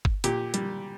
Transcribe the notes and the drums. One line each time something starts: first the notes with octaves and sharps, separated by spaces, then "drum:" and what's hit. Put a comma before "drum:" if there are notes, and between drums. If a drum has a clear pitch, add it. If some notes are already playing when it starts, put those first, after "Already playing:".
drum: kick
A#2 G4, drum: hi-hat
G3, drum: hi-hat